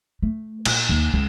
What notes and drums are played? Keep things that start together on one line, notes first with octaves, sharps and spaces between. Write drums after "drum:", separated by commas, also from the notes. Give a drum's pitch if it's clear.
A3
A#2, drum: cymbal
D#2
C#2